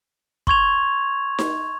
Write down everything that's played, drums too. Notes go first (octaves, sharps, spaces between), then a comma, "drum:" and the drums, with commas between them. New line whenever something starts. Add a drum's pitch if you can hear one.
C6 C#6 G#6 F7, drum: kick
drum: snare D#4